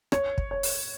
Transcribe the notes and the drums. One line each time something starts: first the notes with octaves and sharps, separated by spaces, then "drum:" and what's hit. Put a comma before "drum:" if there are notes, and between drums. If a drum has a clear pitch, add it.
C#5, drum: rim click
drum: kick
C#5
drum: open hi-hat